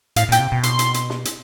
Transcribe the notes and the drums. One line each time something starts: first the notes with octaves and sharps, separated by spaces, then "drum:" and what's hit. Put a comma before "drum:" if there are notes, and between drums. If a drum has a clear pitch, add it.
A2 F5, drum: hi-hat
A#2
G5, drum: hi-hat
C3
B2
C6, drum: hi-hat
drum: hi-hat
drum: hi-hat
drum: snare
drum: hi-hat